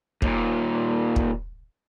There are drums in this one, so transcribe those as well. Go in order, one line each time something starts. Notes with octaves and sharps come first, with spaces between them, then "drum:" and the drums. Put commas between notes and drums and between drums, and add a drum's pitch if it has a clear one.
D#2 A#2, drum: kick
drum: kick